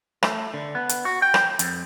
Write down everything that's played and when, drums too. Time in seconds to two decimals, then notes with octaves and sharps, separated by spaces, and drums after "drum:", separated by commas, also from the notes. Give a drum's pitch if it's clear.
0.23 A3, drum: rim click
0.54 D3
0.75 B3
0.89 drum: hi-hat
1.05 F#4
1.22 G5
1.34 drum: rim click
1.59 F2, drum: hi-hat